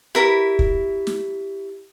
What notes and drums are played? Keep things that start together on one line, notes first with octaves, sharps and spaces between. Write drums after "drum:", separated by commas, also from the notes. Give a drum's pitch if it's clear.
E4 G4 A#4 B5
drum: kick
drum: snare